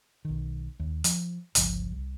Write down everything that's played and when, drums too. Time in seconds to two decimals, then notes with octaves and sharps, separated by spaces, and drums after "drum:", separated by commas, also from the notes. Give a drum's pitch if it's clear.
0.25 B1 D#3
0.80 D#2
1.04 F3, drum: hi-hat
1.55 G1 C#2 F3, drum: hi-hat
1.92 C2